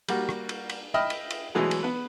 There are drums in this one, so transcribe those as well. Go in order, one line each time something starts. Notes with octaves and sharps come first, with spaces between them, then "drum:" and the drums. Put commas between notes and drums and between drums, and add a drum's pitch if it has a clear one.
G3 A#3 F#4, drum: cymbal
drum: rim click
drum: cymbal
drum: cymbal
D#5 E5 G5 B5 D#6 F6
drum: cymbal
drum: cymbal
B2 E3 F#3 G#3 A3 B3
drum: cymbal
B3 B4